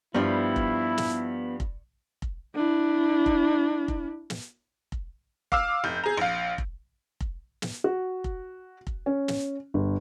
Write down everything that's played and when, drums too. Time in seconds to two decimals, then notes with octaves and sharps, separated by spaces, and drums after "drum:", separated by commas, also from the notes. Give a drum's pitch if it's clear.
0.14 G2 F3 G3 B3 E4
0.56 drum: kick F1
0.98 drum: snare
1.60 drum: kick F1
2.22 drum: kick F1
2.55 D4 E4
3.26 drum: kick F1
3.88 drum: kick F1
4.30 drum: snare
4.92 drum: kick F1
5.52 F5 D6 E6 F6, drum: kick F1
5.84 F1 G6
6.04 G#4 A#5
6.18 A#1 F5
6.58 drum: kick F1
7.20 drum: kick F1
7.62 drum: snare
7.84 F#4
8.24 drum: kick F1
8.87 drum: kick F1
9.06 C#4
9.28 drum: snare
9.74 G1